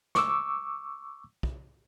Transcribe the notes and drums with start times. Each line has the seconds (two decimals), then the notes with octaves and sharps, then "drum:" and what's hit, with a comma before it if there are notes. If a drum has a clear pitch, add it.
0.15 C#6 D6 E6, drum: snare
1.43 drum: kick